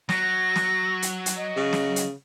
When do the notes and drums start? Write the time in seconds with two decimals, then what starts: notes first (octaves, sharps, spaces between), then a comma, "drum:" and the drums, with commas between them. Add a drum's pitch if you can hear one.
0.09 F#3 A#6, drum: snare
0.56 drum: snare
1.02 drum: hi-hat
1.26 drum: hi-hat
1.36 D#5
1.57 C#3
1.73 drum: snare
1.96 drum: hi-hat